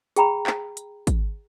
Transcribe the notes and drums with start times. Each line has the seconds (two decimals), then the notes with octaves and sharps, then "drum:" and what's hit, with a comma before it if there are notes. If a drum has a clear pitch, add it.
0.16 G#4 G5 A#5 B5, drum: hi-hat
0.47 drum: clap
0.77 drum: hi-hat
1.07 drum: kick, hi-hat